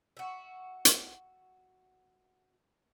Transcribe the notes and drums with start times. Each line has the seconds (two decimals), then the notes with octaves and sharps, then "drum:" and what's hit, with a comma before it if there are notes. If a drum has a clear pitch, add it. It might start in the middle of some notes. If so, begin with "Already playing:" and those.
0.17 F#4 E5
0.85 drum: hi-hat